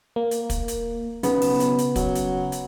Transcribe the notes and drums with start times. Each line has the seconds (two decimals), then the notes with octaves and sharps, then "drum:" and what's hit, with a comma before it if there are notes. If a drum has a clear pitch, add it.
0.16 A#3
0.31 drum: hi-hat
0.50 drum: kick, hi-hat
0.68 drum: hi-hat
1.23 B1 C#3 B3, drum: hi-hat
1.42 drum: open hi-hat
1.60 drum: hi-hat
1.78 drum: hi-hat
1.96 F#3, drum: kick, hi-hat
2.15 drum: hi-hat
2.52 drum: hi-hat